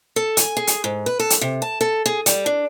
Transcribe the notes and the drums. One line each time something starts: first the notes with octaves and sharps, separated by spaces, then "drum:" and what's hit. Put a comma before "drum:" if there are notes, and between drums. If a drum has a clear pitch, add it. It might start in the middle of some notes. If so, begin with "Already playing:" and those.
A4
G#5, drum: hi-hat
G#4
drum: hi-hat
G#2
B4
A4
drum: hi-hat
C3
A5
A4
G#4
G3, drum: hi-hat
D4